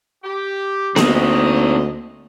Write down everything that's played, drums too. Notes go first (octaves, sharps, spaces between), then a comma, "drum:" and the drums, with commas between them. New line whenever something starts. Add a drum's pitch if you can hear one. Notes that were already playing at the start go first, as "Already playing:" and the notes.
G4
D2 A#3 C4 D#4 D#5, drum: snare B3